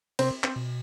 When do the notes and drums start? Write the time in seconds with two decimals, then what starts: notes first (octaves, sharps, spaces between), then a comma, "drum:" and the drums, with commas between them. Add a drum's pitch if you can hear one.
0.19 C3 C4 C5, drum: cymbal
0.44 C4 C5, drum: clap
0.56 B2